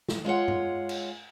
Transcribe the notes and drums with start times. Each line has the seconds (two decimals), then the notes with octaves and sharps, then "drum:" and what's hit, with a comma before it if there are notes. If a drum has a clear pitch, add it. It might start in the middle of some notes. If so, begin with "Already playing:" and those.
0.08 drum: snare
0.25 G#3 F4 C#5 F#5
0.48 drum: tom G2
0.89 drum: cymbal